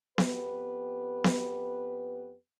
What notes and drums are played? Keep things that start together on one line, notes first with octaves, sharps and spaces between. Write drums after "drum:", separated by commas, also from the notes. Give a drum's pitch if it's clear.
F2 B3 G4 B4, drum: snare B3
drum: snare B3